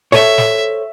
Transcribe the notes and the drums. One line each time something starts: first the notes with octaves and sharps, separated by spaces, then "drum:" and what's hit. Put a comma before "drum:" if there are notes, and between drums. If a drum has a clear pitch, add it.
A4 C5 C#5 E5, drum: snare
drum: snare